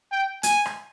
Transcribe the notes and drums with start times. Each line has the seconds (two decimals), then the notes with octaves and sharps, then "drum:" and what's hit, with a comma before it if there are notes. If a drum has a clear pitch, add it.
0.12 G5
0.43 G#5, drum: hi-hat
0.66 drum: rim click